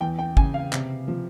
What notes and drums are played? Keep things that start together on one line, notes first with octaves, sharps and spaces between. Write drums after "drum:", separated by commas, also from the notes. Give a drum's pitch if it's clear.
E2 G5
G5
C#3 G#5, drum: kick
F5
C3, drum: clap
F3